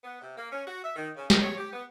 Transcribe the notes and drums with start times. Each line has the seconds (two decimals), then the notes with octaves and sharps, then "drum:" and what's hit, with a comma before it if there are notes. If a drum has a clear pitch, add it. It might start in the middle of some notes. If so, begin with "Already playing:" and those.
0.04 B3
0.22 C3
0.38 A#3
0.52 C#4
0.67 F#4
0.84 E5
0.96 D#3
1.16 C#3
1.30 D#3, drum: snare
1.41 C#5
1.58 G4
1.73 B3